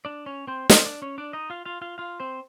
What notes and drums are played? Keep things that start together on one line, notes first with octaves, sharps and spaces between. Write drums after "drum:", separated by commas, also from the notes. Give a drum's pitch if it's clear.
D4 D5
C#4 C#5
C4 C5
C4 C5, drum: snare
D4 D5
C#4 C#5
D4 D5
D#4 D#5
F4 F5
F4 F5
F4 F5
F4 F5
C4 C5